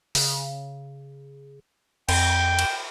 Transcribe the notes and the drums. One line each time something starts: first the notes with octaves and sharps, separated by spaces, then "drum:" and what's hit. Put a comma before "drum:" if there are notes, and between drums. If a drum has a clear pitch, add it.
C#3, drum: open hi-hat
F2 G5, drum: cymbal
drum: cymbal